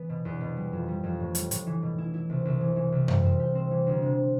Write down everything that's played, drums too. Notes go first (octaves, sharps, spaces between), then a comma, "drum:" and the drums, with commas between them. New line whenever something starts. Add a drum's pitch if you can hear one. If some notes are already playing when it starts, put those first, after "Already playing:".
Already playing: E3 B3
B2
E2
B2
G3
F2
G3
F2
A2
G3, drum: hi-hat
A2, drum: hi-hat
E3
B2
E4
E4
C2
C2
E3
E3
C2
G3, drum: tom F#2
C4
G4
C4
E3
D2
C3